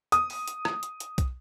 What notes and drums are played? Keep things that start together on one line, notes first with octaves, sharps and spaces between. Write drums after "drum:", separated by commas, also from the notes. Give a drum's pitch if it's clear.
D#6, drum: hi-hat
drum: open hi-hat
drum: hi-hat
drum: rim click
drum: hi-hat
drum: hi-hat
drum: kick, hi-hat